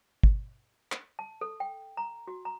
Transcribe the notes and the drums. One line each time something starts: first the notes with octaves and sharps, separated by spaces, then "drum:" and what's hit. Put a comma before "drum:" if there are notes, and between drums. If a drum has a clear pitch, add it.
drum: kick
drum: clap
A5
A4
G5
A#5
F#4
A#5